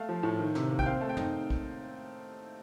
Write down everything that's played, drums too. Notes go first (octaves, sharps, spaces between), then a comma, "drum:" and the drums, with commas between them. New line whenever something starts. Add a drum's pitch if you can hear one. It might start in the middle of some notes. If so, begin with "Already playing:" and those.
Already playing: A3 F5
F3
A2
D#3
C3, drum: snare
A#3
G5, drum: kick
C4 F5
A3
G5
D#4, drum: tom
drum: kick